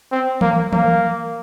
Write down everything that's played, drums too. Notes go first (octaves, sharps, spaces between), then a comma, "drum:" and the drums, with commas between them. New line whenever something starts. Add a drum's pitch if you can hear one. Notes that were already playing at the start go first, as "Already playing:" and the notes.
C4
A#3, drum: tom E3
A#3, drum: tom E3